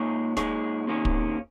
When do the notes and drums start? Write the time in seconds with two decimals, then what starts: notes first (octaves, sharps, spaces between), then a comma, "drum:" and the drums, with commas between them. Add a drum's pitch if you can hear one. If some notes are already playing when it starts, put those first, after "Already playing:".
Already playing: A#2 G#3 D#4 G#4 C#5
0.37 A#2 G#3 D#4 G#4 C#5, drum: snare
0.87 C3 D#3 A#3 C#4
1.05 drum: kick